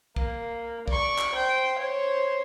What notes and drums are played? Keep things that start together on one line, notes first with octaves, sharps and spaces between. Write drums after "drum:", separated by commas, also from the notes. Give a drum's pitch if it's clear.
A#3, drum: kick
D5 C#6, drum: kick
drum: clap
C5 G5
C5 C#5